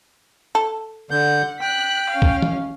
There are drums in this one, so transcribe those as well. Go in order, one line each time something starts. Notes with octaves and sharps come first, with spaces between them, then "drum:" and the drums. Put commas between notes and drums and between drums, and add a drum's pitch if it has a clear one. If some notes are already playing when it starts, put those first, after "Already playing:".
A4
D3 F#5 G6
G5 F#6 B6
C#4 F5
drum: kick
drum: tom